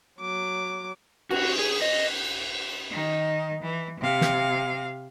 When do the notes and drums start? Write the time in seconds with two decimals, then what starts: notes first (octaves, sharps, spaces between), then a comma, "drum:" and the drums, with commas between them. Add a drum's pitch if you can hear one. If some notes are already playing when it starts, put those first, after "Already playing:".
0.20 F#3 D6
1.30 F#4, drum: cymbal
1.59 G#4
1.82 D#5
2.90 D#3 D#4
3.62 E3
4.00 C3 F5
4.21 drum: snare